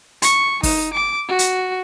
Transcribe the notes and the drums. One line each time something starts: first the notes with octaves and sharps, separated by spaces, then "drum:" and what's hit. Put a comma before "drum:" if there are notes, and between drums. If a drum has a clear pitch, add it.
C#6, drum: hi-hat
D#4, drum: kick, open hi-hat
D6
F#4
drum: hi-hat